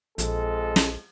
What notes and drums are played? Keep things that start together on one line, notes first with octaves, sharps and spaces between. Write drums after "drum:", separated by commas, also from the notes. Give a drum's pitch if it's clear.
A#1 F2 G#3 A4, drum: hi-hat
drum: snare